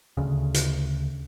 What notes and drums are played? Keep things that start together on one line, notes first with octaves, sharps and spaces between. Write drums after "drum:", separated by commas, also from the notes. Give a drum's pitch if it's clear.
D2 C#3
drum: hi-hat